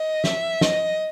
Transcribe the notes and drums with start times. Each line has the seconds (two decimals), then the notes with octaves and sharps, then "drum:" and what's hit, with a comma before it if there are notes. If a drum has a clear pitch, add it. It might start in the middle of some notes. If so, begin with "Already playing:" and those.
Already playing: D#5
0.24 E5, drum: snare
0.61 D#5, drum: snare